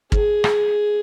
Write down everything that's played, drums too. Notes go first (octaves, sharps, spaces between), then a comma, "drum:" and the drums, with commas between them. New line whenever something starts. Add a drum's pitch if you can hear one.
G#4, drum: kick
drum: rim click